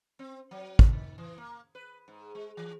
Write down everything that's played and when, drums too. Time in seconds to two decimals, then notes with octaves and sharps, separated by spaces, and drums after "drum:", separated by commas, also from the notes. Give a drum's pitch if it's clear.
0.19 C4
0.51 F#3
0.79 drum: kick
0.92 D#3
1.18 E3
1.38 A#3
1.75 B4
2.08 G#2
2.35 G#3
2.57 E3